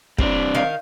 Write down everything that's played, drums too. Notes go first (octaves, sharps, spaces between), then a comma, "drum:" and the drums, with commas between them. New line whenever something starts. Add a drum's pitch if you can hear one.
G3 C4 D4, drum: kick
D#3 F5